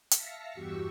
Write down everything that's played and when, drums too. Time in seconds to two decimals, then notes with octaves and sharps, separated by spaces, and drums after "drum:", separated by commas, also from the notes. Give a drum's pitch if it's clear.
0.11 E5 F5 A5 A#6 B6 C#7, drum: hi-hat
0.54 E2 G2 F#4 G4 C#6 E6